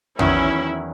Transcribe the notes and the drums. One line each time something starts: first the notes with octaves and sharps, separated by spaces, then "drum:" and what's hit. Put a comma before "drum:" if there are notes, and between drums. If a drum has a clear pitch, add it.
E2 D#3 F#3 C#4 E4, drum: tom